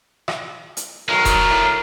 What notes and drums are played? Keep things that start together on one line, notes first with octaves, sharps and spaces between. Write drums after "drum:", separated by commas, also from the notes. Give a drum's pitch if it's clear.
drum: rim click
drum: hi-hat
B1 D#3 G#3 A#4
F#3 D4 D#4 F4, drum: kick E1, hi-hat
A2